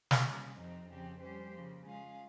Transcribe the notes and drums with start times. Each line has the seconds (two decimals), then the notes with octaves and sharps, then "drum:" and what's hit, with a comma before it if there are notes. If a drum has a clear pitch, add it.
0.11 drum: snare
0.24 C3 G3 A#3 C#4
0.55 F2 C3 F3 C4 D#4
0.88 F2 C#3 F3 C4 G4
1.21 G3 C#4 G4 C5
1.52 C#3 F3 A#3
1.84 G#3 C#4 F4 G#4